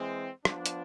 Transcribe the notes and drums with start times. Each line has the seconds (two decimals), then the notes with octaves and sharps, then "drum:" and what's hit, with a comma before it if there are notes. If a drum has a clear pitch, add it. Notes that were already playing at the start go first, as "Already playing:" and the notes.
Already playing: E3 G#3 C4
0.45 F3 B3 D4, drum: rim click
0.66 drum: hi-hat